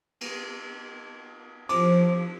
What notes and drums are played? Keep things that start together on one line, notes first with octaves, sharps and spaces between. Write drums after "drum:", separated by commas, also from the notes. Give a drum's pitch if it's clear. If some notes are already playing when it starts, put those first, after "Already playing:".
drum: cymbal
F3 C5 D6, drum: cymbal